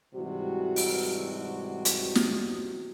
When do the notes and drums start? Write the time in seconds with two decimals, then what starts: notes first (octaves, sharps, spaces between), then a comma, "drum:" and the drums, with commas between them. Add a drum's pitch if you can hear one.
0.15 G#2 C3 E3 G3 F#4
0.76 drum: open hi-hat
1.85 drum: hi-hat
2.15 drum: snare